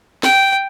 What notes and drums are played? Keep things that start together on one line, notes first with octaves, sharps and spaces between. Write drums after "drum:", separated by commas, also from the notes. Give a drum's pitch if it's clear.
G5, drum: snare